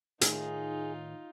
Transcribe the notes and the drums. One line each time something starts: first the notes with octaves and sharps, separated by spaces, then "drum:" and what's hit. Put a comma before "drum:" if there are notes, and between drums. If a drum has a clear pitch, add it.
A2 D#3 D#4 F4 G#4, drum: hi-hat